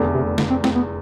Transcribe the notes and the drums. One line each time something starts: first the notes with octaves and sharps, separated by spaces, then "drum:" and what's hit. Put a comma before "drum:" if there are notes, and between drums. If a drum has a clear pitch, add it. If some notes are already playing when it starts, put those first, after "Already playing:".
Already playing: F1 E2 D3 A3
C3
D3, drum: snare
C4
C4, drum: snare
B3